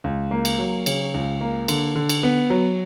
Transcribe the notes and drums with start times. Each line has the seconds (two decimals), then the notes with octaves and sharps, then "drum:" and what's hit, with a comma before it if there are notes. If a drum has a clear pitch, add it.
0.04 C#2
0.31 A#3
0.45 drum: cymbal
0.59 F#3
0.86 C#3, drum: cymbal
1.14 C#2
1.41 A#3
1.68 D3, drum: cymbal
1.95 D3
2.09 drum: cymbal
2.23 B3
2.50 F#3